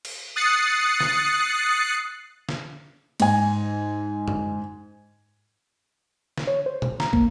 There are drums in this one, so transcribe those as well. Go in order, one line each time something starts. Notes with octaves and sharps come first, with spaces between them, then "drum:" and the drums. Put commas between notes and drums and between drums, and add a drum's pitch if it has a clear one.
drum: cymbal
D#6 F#6 A6 C7 C#7
drum: snare
drum: snare
G#2 G#5, drum: cymbal
drum: tom F#2
drum: snare
C#5
C5
drum: tom A#2
A#5, drum: snare
A#3, drum: kick